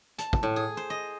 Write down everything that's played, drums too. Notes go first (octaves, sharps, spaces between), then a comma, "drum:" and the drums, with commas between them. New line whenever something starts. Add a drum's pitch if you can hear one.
A5, drum: hi-hat
drum: kick
A2
G#4
C5
D#5